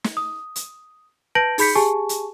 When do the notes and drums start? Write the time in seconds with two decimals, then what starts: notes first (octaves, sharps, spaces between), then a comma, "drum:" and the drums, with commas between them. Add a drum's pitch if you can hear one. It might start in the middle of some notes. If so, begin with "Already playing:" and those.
0.04 drum: snare
0.17 D#6
0.56 drum: hi-hat
1.35 B4 A5 G6 A#6 D7 F#7
1.58 D#4 G#4 B5 G6 B6 C#7, drum: open hi-hat
1.75 G4 G#4 G#5 A5 C#6
2.09 drum: hi-hat